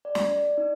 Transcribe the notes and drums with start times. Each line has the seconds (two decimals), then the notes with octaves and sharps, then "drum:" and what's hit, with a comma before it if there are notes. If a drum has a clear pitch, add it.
0.05 D5
0.15 drum: snare
0.31 D5
0.58 D#4